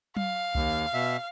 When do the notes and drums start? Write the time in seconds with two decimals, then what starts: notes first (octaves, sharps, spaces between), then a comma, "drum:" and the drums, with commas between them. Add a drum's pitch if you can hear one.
0.17 F5, drum: tom F#3
0.55 D#2, drum: kick C2
0.94 B2 E5